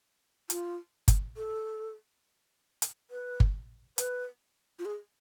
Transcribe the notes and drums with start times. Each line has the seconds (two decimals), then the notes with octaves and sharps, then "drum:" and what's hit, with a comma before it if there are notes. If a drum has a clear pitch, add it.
0.50 F4, drum: hi-hat
1.08 drum: kick G1, hi-hat
1.37 A4
2.82 drum: hi-hat
3.11 B4
3.40 drum: kick G1
3.98 B4, drum: hi-hat
4.79 F4
4.85 G#4